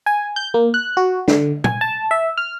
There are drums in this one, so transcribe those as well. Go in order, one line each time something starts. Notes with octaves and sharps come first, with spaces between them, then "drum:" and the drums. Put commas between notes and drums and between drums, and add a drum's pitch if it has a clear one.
G#5
G6
A#3
F#6
F#4
D3, drum: snare
G#5, drum: tom
A5
E5
F6